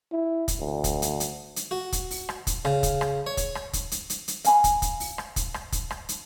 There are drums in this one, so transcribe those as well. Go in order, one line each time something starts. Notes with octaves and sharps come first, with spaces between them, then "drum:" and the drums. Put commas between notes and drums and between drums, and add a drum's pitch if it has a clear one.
E4
drum: kick, hi-hat
D2
drum: kick, hi-hat
drum: hi-hat
drum: hi-hat
drum: hi-hat
F#4
drum: kick, hi-hat
drum: open hi-hat
drum: rim click
drum: kick, hi-hat
C#3, drum: rim click
drum: kick, hi-hat
drum: rim click
C#5
drum: kick, hi-hat
drum: rim click
drum: kick, hi-hat
drum: hi-hat
drum: hi-hat
drum: hi-hat
F5 G#5 B5, drum: hi-hat
drum: kick, hi-hat
drum: kick, hi-hat
drum: open hi-hat
drum: rim click
drum: kick, hi-hat
drum: rim click
drum: kick, hi-hat
drum: rim click
drum: hi-hat